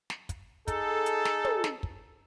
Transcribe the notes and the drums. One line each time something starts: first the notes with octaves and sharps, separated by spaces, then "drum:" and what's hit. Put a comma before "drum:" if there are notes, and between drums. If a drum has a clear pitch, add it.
drum: snare
drum: kick, hi-hat
D#4 G#4 A4, drum: kick, hi-hat
drum: hi-hat
drum: snare
drum: tom
drum: snare
drum: kick